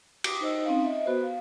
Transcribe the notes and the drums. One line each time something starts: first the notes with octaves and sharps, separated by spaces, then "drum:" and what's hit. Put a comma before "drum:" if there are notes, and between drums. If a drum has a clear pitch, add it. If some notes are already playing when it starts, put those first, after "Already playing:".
D6 D#6, drum: cymbal
D#4 C5 D#5 E6
C4 C#4 D#4 F5
D#5 E5
B3 F#4 B4 C5
F5